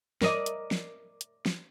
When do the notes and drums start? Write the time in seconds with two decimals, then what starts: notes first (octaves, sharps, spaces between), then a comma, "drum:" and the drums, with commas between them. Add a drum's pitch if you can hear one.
0.22 A#4 D5 D#5, drum: snare
0.46 drum: hi-hat
0.71 drum: snare
1.21 drum: hi-hat
1.46 drum: snare